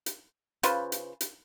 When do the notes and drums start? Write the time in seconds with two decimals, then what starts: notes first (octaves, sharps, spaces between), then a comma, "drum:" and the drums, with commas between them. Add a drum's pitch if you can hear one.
0.06 drum: hi-hat
0.63 C#3 F4 B4 C5, drum: hi-hat
0.92 drum: hi-hat
1.21 drum: hi-hat